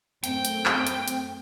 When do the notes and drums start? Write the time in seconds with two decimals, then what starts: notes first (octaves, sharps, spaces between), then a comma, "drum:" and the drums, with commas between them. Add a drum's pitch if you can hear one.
0.24 F#2 A3 C4 G5, drum: hi-hat
0.45 drum: hi-hat
0.66 drum: clap
0.87 drum: hi-hat
1.08 drum: hi-hat